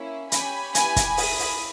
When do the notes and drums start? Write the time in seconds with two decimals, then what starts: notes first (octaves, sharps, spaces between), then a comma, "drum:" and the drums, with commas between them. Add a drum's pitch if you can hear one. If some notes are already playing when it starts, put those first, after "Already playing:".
Already playing: A#3 C#4 E4
0.32 C#4 G4 G#5 B5, drum: hi-hat
0.75 B3 E4 G4 G#5 B5, drum: hi-hat
0.96 drum: kick, hi-hat
1.17 A#3 E4 G#4 B5 D#6, drum: open hi-hat
1.39 drum: open hi-hat